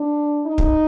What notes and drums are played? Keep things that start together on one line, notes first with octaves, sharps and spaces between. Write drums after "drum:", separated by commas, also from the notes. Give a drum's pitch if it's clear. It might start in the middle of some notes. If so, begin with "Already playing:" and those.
Already playing: D4
D#4
drum: kick